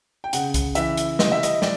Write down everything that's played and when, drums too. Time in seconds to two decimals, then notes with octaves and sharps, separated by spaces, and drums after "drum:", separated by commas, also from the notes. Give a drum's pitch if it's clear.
0.24 G5
0.33 C#3 F#5, drum: hi-hat
0.54 drum: kick C2, hi-hat
0.75 E3 E5, drum: hi-hat
0.97 drum: hi-hat
1.19 G3 D#5, drum: snare
1.32 E5
1.43 D#5, drum: hi-hat
1.62 D5, drum: snare